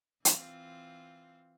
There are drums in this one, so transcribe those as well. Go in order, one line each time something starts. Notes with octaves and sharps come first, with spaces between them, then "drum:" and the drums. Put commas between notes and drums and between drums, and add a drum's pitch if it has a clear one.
E3 C4 F4, drum: hi-hat